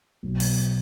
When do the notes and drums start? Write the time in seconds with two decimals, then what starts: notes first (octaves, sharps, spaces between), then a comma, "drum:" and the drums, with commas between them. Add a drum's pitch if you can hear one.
0.23 B1
0.40 drum: open hi-hat